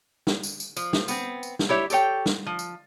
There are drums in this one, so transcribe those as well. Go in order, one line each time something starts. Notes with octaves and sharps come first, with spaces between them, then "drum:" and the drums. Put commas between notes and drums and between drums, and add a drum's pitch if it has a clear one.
drum: snare
drum: tambourine
drum: tambourine
F3, drum: tambourine
drum: snare
B3 C4, drum: tambourine
drum: tambourine
drum: snare
E4 G4 C#5 E5
G4 A4 C#5 G5, drum: tambourine
drum: snare
F3
drum: tambourine